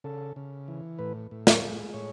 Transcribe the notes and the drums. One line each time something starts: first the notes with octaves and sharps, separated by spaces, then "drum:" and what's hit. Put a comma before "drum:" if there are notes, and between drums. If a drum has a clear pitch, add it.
C#3 A4
C#3
E3
A2 B4
A2
C#5, drum: snare
G#3
A2 C#5